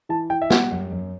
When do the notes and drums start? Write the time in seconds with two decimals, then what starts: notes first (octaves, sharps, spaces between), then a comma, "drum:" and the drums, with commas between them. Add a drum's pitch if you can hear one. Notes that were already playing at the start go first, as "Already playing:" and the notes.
0.09 E3 A5
0.30 E3 G5
0.42 E5
0.50 G3 F#5, drum: snare
0.71 F#2
0.92 F#2